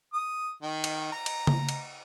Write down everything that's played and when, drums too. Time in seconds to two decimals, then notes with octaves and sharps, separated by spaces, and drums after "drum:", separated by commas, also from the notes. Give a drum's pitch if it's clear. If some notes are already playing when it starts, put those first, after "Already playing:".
0.13 D#6
0.63 D#3
0.84 drum: cymbal
1.13 A#5
1.26 drum: cymbal
1.47 drum: tom C#3
1.69 drum: cymbal